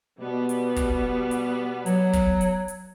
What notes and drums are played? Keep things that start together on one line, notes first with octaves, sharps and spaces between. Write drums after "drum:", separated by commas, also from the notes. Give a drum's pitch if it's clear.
B2 G3 B3
drum: hi-hat
drum: kick, hi-hat
drum: hi-hat
F#3, drum: hi-hat
drum: kick, hi-hat
drum: hi-hat
drum: hi-hat